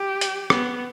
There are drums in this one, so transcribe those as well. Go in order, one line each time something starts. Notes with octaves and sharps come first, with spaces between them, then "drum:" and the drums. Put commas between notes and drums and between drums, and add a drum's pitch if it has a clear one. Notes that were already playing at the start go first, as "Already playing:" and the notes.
Already playing: G4
drum: hi-hat
B3, drum: rim click